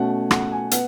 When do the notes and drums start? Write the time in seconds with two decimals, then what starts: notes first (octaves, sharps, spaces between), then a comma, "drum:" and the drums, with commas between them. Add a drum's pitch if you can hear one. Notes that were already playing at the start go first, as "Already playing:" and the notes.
Already playing: B2 A3 C#4 F#5
0.31 F#5, drum: rim click
0.52 G#5
0.71 B3 F#5, drum: hi-hat